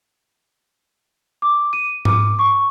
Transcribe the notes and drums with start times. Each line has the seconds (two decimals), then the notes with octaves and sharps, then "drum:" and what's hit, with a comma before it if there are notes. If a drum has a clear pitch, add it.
1.42 D6
1.73 D#7
2.05 D6, drum: tom G#2
2.39 C#6